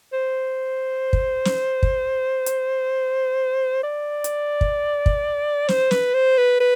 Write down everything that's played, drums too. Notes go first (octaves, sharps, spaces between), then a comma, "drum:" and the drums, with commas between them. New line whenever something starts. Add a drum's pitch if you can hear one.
C5
drum: kick
drum: snare
drum: kick
drum: hi-hat
D5
drum: hi-hat
drum: kick
drum: kick
C5, drum: snare
B4, drum: snare
C5
B4
B4